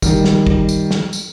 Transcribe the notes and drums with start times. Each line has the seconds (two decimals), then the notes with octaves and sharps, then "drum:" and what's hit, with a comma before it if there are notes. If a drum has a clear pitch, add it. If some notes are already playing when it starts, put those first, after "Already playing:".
0.02 D#3 G3, drum: kick, tambourine
0.24 drum: snare
0.47 drum: kick
0.69 drum: tambourine
0.91 drum: snare
1.13 drum: tambourine